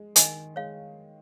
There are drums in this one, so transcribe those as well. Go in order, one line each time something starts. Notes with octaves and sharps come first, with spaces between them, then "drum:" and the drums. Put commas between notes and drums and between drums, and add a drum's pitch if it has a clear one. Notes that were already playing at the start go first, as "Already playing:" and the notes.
Already playing: G#3
D#3 D#5 G#5, drum: hi-hat
G#3 C#5 F5